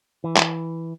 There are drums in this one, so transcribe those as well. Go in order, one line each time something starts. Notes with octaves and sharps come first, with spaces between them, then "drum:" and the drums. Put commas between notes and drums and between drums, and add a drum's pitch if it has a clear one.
E3
drum: clap